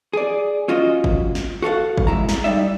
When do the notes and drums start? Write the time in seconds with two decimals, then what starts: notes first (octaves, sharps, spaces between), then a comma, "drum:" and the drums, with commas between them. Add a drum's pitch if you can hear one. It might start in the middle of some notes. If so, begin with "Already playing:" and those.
0.13 G#4 D5
0.68 C#4 F4 F#4 D#5
1.04 drum: kick G1
1.35 drum: snare
1.62 F#4 A4 F5 F#5
1.98 drum: kick G1
2.07 G#2 E4 A#5
2.29 drum: snare
2.44 G3 D#4 D5 E5